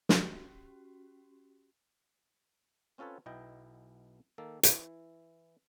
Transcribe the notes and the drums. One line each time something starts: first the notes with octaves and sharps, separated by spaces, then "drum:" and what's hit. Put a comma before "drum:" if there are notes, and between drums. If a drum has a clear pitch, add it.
C#4 F#4 G4, drum: snare
C4 C#4 F4 A4 B4 C#5
B1 B2 E4 D#5 G5
D#3 A#3 A4
E3 E4, drum: hi-hat